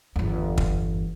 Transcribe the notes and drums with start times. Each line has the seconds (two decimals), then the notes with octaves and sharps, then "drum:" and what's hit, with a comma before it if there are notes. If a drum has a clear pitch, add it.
0.16 G1 E2
0.58 drum: kick